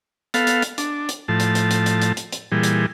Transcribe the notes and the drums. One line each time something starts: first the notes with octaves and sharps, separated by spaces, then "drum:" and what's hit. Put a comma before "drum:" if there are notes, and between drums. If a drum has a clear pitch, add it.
B3 A4 F5, drum: hi-hat
drum: hi-hat
drum: hi-hat
D4, drum: hi-hat
drum: hi-hat
A2 F3 A5
drum: hi-hat
drum: hi-hat
drum: hi-hat
drum: hi-hat
drum: hi-hat
drum: hi-hat
drum: hi-hat
A#2 E3 G3 G#4
drum: hi-hat